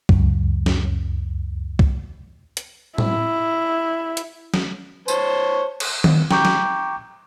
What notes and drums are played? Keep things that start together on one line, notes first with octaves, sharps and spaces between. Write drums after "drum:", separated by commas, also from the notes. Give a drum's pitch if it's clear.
C#2 F#2, drum: kick C2
drum: snare
drum: kick C2
drum: hi-hat
E4, drum: tom A2
drum: hi-hat
drum: snare
C5 C#5 A5, drum: tambourine
drum: cymbal
drum: tom D#3
G5 A#5 C#6 D6 G6, drum: snare
drum: snare